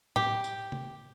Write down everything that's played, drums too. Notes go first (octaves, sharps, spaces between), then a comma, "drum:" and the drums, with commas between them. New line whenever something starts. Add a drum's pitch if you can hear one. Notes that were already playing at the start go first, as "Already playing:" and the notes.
G4, drum: tom A2
drum: tambourine
drum: tom C3